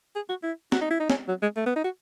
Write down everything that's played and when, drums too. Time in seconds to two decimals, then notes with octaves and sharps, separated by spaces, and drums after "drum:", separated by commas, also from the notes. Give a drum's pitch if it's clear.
0.16 G#4
0.29 F#4
0.43 E4
0.72 F#4, drum: snare
0.81 D#4
0.91 E4
1.00 D#4
1.10 C#4, drum: snare
1.29 F#3
1.42 G#3
1.57 A3
1.66 B3
1.76 D#4
1.84 F#4